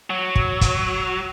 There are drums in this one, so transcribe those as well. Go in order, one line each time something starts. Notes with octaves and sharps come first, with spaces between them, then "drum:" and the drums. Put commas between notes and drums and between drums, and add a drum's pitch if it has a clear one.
F#3
drum: kick
drum: kick, hi-hat